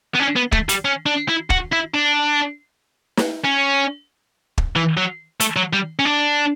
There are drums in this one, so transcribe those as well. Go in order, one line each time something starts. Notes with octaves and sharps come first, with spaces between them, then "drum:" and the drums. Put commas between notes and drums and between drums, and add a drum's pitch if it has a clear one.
B3
C#4
B3
A3, drum: kick
G3, drum: hi-hat
C#4
D4
E4
F#4, drum: kick
E4
D4
drum: snare
C#4
drum: kick
E3
F#3
A3, drum: hi-hat
F#3
G3
C#4
D4